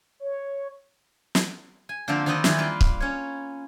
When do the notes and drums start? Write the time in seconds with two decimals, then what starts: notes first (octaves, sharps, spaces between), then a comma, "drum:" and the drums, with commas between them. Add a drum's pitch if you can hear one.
0.20 C#5
1.35 drum: snare
1.89 G#5
2.08 D3 F3 A#3 C4 D5 F5
2.26 D#3 C4 D#4 B4 D5 D#5
2.44 D#3 E3 A#4, drum: snare
2.58 G3 A#3 F4 B4
2.81 drum: kick C#1
3.00 C#4 C#5